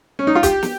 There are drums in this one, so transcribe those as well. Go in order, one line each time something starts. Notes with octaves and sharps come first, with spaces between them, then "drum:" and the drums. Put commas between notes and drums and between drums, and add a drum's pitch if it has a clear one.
C#4
D#4
F4
G4, drum: kick, hi-hat
drum: snare